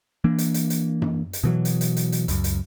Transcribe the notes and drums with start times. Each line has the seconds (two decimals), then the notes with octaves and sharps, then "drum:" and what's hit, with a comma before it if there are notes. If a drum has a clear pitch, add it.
0.24 E3 A#3 D4
0.38 drum: hi-hat
0.54 drum: hi-hat
0.70 drum: hi-hat
1.02 drum: tom F#2
1.33 drum: hi-hat
1.44 B2 E3 F#3
1.65 drum: hi-hat
1.81 drum: hi-hat
1.97 drum: hi-hat
2.12 drum: hi-hat
2.28 C#2 F#2, drum: hi-hat
2.44 drum: hi-hat